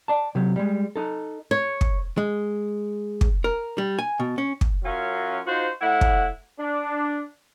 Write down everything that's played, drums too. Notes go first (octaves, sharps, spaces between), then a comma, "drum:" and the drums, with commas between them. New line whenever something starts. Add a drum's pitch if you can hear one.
D5 A5
C3 F#3 G4
G3 G#3
D#4 A4
C#5
drum: kick
G#3
drum: kick
A#4
G3
G#5
B2
C#4
drum: kick
F#2 F#3 C#4 F4 A#4 F5
D#4 F4 F#4 C5
A2 E4 F#5
drum: kick
D4